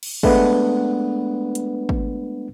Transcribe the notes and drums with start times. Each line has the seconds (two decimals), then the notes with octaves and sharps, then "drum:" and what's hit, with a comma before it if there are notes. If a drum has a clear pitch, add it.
0.03 drum: cymbal
0.23 G#3 A3 B3 D4 B4 F#5, drum: kick
1.55 drum: hi-hat
1.89 drum: kick